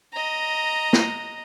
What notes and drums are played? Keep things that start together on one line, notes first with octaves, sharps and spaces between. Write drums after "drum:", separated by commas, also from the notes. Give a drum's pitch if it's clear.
D#5 A#5
drum: snare